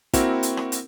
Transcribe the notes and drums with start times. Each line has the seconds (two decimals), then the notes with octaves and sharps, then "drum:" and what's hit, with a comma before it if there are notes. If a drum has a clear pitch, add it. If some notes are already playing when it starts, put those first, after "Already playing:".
0.13 A#3 C4 E4 F#4 A#4, drum: kick, hi-hat
0.43 drum: hi-hat
0.57 drum: rim click
0.72 drum: hi-hat